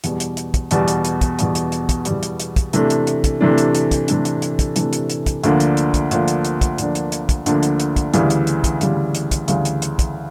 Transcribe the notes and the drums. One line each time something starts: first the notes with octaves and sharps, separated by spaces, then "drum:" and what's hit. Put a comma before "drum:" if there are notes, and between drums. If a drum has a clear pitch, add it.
E2 B2 G3, drum: hi-hat
drum: hi-hat
drum: hi-hat
drum: kick, hi-hat
E2 B2 G3, drum: hi-hat
drum: hi-hat
drum: hi-hat
drum: kick, hi-hat
E2 B2 G3, drum: hi-hat
drum: hi-hat
drum: hi-hat
drum: kick, hi-hat
E2 B2 G3, drum: hi-hat
drum: hi-hat
drum: hi-hat
drum: kick, hi-hat
C3 E3 A3 D4, drum: hi-hat
drum: hi-hat
drum: hi-hat
drum: kick, hi-hat
C3 E3 A3 D4
drum: hi-hat
drum: hi-hat
drum: kick, hi-hat
C3 E3 A3 D4, drum: hi-hat
drum: hi-hat
drum: hi-hat
drum: kick, hi-hat
C3 E3 A3 D4, drum: hi-hat
drum: hi-hat
drum: hi-hat
drum: kick, hi-hat
D2 D3 F3 A#3 D4, drum: hi-hat
drum: hi-hat
drum: hi-hat
drum: kick, hi-hat
D2 D3 F3 A#3 D4, drum: hi-hat
drum: hi-hat
drum: hi-hat
drum: kick, hi-hat
D2 D3 F3 A#3 D4, drum: hi-hat
drum: hi-hat
drum: hi-hat
drum: kick, hi-hat
D2 D3 F3 A#3 D4, drum: hi-hat
drum: hi-hat
drum: hi-hat
drum: kick, hi-hat
D2 C#3 E3 G3, drum: hi-hat
drum: hi-hat
drum: hi-hat
drum: kick, hi-hat
D2 C#3 E3 G3, drum: hi-hat
drum: hi-hat
drum: kick, hi-hat
D2 C#3 E3 G3, drum: hi-hat
drum: hi-hat
drum: hi-hat
drum: kick, hi-hat